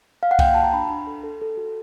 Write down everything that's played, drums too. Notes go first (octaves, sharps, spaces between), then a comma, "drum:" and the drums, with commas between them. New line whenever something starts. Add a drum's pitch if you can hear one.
F5
F#5
A#3 G5, drum: kick C2, cymbal
F#4 A5
A#5
D4 B5
D4
A4
A4
A4
F#4